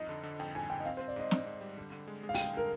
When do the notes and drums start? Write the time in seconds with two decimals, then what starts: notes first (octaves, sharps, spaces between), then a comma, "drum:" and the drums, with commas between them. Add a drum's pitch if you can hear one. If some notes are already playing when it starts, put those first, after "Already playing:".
Already playing: F2 D#4 D#5
0.09 D3
0.23 D3
0.39 F2 G5
0.55 F2 G#5
0.70 D3 G5
0.80 D#5
0.85 C4 F5
0.97 C5
1.01 C4
1.08 D5
1.16 G#2 D#5
1.31 G#2, drum: snare
1.46 G#2
1.61 G3
1.77 D3
1.92 D3
2.07 G#3
2.23 G#3
2.29 F5
2.34 G5, drum: open hi-hat
2.39 D3
2.53 D3 A#4